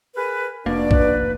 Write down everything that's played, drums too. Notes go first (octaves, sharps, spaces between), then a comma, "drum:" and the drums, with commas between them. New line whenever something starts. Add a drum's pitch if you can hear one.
G#4 A#4 B4
F1 B2 A#3 D4 D5
B4, drum: kick A#1